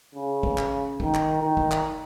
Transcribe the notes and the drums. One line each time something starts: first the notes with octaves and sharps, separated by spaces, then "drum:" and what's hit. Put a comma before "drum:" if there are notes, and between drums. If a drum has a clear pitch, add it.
C#3
drum: kick
drum: clap
D#3, drum: kick
drum: clap
D#3
drum: kick
drum: clap